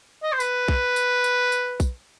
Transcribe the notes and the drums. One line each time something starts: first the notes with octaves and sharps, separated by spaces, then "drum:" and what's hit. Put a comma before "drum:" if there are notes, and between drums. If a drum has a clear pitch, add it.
D#5
C5
B4, drum: tambourine
drum: kick
drum: tambourine
drum: tambourine
drum: tambourine
drum: kick, tambourine